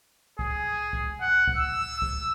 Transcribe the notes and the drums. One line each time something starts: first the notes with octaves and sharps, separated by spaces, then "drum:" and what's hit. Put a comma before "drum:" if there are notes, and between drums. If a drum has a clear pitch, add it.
G#4, drum: kick C2
drum: kick C2
F#5
drum: kick C2
E6
drum: kick C2